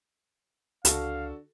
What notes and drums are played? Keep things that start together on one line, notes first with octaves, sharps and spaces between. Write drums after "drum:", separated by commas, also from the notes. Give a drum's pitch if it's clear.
C#2 D3 F#4 A4 F5, drum: hi-hat